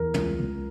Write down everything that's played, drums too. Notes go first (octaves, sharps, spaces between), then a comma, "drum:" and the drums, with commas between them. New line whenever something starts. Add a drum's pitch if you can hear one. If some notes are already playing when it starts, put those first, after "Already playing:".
Already playing: E2 A#4
C#2, drum: tom
C#2